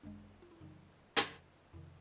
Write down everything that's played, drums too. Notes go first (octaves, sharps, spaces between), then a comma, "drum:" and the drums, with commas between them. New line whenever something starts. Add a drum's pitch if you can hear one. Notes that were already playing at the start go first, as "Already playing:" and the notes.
G1 F#2 D#3 G#3 D4
F4
E4
F#2 C#3 E3 G3 D#4
F2 C#3 F3, drum: hi-hat
F2 C3 D#3 E4